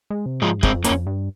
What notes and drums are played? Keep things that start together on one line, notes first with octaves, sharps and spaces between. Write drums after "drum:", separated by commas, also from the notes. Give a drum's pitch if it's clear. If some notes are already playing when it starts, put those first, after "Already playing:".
G#3
C3
G#2 F3 G#3
G2
G#3 C4, drum: kick
F2
A#3 C#4, drum: hi-hat
F2
G2